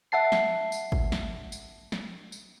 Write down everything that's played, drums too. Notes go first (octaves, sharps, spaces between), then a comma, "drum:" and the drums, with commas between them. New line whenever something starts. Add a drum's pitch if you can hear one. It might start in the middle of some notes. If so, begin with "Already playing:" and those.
E5 F#5 A5 C7
drum: snare
drum: tambourine
drum: kick
drum: snare
drum: tambourine
drum: snare
drum: tambourine